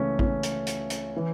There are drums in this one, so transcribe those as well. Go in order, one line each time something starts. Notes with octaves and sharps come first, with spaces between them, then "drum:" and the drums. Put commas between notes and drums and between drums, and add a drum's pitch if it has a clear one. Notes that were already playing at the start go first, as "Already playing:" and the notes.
Already playing: C#2 C#3 E3 A3 C#4
C#4, drum: kick A1
drum: hi-hat
drum: hi-hat
drum: hi-hat
E3